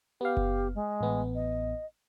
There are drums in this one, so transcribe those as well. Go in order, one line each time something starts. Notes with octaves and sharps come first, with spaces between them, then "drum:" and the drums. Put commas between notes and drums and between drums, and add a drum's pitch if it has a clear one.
B3 G4 F5
drum: kick F#1
G#3
A1 B3
D#5